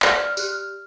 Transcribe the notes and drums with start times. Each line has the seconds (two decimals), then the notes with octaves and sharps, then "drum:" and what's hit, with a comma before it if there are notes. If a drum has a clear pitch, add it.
0.02 D5 F6, drum: clap
0.26 F6
0.37 G4 F#6, drum: tambourine
0.49 F6